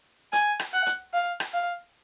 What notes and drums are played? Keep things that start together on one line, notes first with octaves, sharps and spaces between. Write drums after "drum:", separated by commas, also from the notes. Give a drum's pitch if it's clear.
G#5, drum: hi-hat
drum: rim click
F#5
drum: hi-hat
F5
drum: rim click
F5